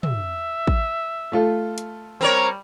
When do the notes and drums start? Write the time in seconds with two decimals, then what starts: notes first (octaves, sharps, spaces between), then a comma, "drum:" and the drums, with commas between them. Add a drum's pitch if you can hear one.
0.03 E5, drum: tom
0.67 drum: kick A1
1.32 A3 F4 A4
1.78 drum: hi-hat
2.21 G3 C4 A#4 C#5